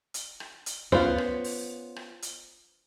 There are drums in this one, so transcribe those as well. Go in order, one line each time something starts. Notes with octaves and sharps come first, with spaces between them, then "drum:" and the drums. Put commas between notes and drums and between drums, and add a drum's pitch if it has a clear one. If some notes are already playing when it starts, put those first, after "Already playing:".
drum: hi-hat
drum: rim click
drum: hi-hat
B3 C#4 F4 C5, drum: tom C#2
drum: rim click
drum: open hi-hat
drum: rim click
drum: hi-hat